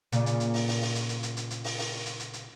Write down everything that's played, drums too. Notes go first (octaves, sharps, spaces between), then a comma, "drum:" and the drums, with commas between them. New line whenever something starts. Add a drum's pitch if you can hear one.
A#2 C#3, drum: hi-hat
drum: hi-hat
drum: hi-hat
drum: open hi-hat
drum: open hi-hat
drum: open hi-hat
drum: hi-hat
drum: hi-hat
drum: hi-hat
drum: hi-hat
drum: hi-hat
drum: open hi-hat
drum: open hi-hat
drum: hi-hat
drum: hi-hat
drum: hi-hat